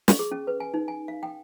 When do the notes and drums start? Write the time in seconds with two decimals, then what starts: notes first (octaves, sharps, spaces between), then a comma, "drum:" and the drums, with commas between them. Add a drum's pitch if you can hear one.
0.08 C#6, drum: snare
0.19 G#4
0.31 C#4
0.47 B4
0.60 G#5
0.74 D#4
0.88 G#5
1.08 F5
1.23 G5